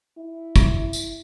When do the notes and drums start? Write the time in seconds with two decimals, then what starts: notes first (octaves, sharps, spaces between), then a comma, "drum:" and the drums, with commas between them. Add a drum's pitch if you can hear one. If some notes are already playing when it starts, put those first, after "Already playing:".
0.18 E4
0.56 drum: kick, tambourine
0.93 drum: tambourine